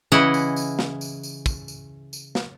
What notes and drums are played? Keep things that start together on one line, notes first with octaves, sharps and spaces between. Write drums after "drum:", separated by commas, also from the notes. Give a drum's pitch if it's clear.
C#3 E3 C#4 E4 D#5 F#5
drum: tambourine
drum: tambourine
drum: snare
drum: tambourine
drum: tambourine
drum: kick, tambourine
drum: tambourine
drum: tambourine
drum: snare